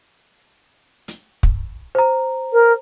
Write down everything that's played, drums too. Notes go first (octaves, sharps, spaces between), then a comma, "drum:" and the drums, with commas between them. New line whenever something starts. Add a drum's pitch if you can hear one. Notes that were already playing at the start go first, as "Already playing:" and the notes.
drum: hi-hat
drum: kick
C5 A#5
A#4